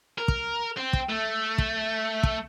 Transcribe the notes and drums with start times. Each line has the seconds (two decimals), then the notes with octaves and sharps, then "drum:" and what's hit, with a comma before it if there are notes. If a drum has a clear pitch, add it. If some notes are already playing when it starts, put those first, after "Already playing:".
0.18 A#4
0.28 drum: kick
0.77 C4
0.93 drum: kick
1.10 A3
1.58 drum: kick
2.23 drum: kick